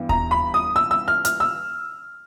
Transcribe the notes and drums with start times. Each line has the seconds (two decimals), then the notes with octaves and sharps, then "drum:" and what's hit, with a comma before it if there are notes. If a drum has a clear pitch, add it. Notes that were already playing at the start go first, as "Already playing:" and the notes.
Already playing: G2 E3 B3
0.09 A#5, drum: kick D#2
0.31 B5
0.54 D#6
0.76 E6
0.91 E6
1.08 F6
1.25 F6, drum: hi-hat
1.40 E6